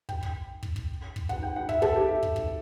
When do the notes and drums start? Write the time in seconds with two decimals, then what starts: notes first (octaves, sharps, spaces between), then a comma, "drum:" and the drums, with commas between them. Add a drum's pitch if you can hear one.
0.09 G5, drum: kick
0.23 drum: kick
0.63 drum: kick
0.76 drum: kick
1.16 drum: kick
1.29 F#5, drum: kick
1.42 G5
1.56 F#5
1.69 E5, drum: kick
1.82 A4, drum: kick
1.96 G4
2.09 E5
2.23 drum: kick
2.36 drum: kick